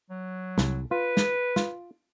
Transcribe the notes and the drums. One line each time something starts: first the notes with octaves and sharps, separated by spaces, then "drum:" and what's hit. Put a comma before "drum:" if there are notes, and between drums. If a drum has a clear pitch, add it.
F#3
C2, drum: snare
F4 B4
drum: snare
F4, drum: snare